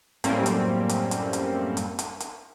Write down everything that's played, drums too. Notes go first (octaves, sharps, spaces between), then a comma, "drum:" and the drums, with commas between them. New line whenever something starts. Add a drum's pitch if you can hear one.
F#2 A2 G3 A#3 C4 C#4, drum: hi-hat
drum: hi-hat
drum: hi-hat
drum: hi-hat
drum: hi-hat
drum: hi-hat
drum: hi-hat
drum: hi-hat